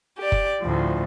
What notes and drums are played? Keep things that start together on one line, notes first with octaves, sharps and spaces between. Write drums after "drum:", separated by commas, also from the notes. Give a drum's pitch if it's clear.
G4 D5
drum: kick F#1
D2 A2 F3